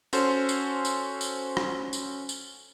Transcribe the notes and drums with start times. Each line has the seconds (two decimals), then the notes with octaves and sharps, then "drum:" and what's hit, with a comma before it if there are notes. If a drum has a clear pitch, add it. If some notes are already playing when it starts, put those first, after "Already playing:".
0.13 C#4 F#4 A4 C5, drum: tambourine
0.49 drum: tambourine
0.85 drum: tambourine
1.21 drum: tambourine
1.57 drum: rim click
1.93 drum: tambourine
2.29 drum: tambourine